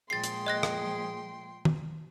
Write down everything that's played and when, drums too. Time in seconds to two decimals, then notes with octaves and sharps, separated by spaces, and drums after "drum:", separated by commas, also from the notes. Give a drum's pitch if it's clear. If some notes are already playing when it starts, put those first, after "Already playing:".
0.10 A#2 F3 G#3 G#4 G5 C6 A6 C7
0.24 drum: hi-hat
0.46 D#5 F#6 A#6
0.63 drum: rim click
1.65 drum: tom